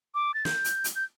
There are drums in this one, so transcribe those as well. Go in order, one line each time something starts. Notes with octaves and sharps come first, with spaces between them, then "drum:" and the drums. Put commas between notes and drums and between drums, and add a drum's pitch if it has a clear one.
D6
A6
G6, drum: snare
drum: hi-hat
drum: hi-hat
G6